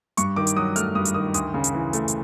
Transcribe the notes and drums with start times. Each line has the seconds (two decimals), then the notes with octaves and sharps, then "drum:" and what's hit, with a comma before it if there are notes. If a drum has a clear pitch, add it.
0.17 G2 C#6, drum: hi-hat
0.36 D#3 D6
0.47 drum: hi-hat
0.56 F#3 D#6
0.76 A3 F6, drum: hi-hat
0.95 G2 D#6
1.05 drum: hi-hat
1.14 D#3 D#6
1.34 D2 D#6, drum: hi-hat
1.54 C#3
1.64 drum: hi-hat
1.73 E3
1.93 A3, drum: hi-hat
2.08 drum: hi-hat